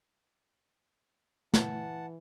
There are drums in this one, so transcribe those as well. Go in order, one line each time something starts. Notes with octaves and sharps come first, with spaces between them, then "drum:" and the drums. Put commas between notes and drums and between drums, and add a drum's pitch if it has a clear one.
E3 F#5 A5, drum: snare